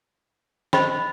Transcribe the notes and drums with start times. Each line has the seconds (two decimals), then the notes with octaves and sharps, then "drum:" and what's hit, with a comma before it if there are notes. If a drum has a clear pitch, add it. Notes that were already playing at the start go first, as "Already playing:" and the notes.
0.73 C5 D#5 G5 B5, drum: snare